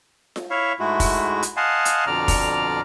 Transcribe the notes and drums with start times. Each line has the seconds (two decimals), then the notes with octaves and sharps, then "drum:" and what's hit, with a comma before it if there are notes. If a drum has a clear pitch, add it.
0.36 drum: snare F4
0.50 E4 C#5 E5 F5
0.80 G#2 G#3 A3 E4 F#4
1.00 drum: kick, open hi-hat
1.43 drum: hi-hat
1.57 D#5 F5 F#5 G#5 A5 C6
1.85 drum: hi-hat
2.07 F2 B2 D3 D5 A#5 F6
2.28 drum: kick, open hi-hat